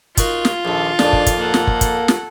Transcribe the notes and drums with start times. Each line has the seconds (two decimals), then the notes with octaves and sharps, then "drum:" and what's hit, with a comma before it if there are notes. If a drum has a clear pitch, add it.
0.17 D#4 F4 F#4 A#4, drum: kick, hi-hat
0.45 drum: snare
0.65 A#1 D#2 A4
0.99 F2 A#2 D4 D#4 A5, drum: snare
1.13 drum: kick
1.26 drum: kick, hi-hat
1.39 A#3 A4 F#5
1.54 drum: snare
1.67 drum: kick
1.81 drum: kick, hi-hat
2.08 drum: snare